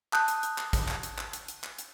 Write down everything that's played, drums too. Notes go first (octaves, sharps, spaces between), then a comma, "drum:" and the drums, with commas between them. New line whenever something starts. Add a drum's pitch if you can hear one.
A5 D#6 F#6 G6, drum: clap
drum: hi-hat
drum: hi-hat
drum: clap
drum: kick, hi-hat
drum: clap
drum: hi-hat
drum: clap
drum: hi-hat
drum: hi-hat
drum: clap
drum: hi-hat